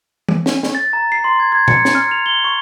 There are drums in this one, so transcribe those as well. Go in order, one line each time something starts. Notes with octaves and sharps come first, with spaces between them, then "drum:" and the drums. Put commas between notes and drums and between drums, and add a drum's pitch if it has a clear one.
drum: tom
drum: snare
drum: snare
A6
A#5
C7
C6
G#6
G#6
C#7, drum: tom A#2
drum: snare
F6
F7
G7
C#6